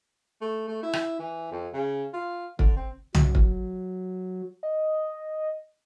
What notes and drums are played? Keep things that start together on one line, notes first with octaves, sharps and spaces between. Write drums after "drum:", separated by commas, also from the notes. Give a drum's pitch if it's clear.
A3
A3
E4
drum: rim click
E3
F2
C#3
F4
D3, drum: kick
C4
F#3, drum: tom
drum: kick
D#5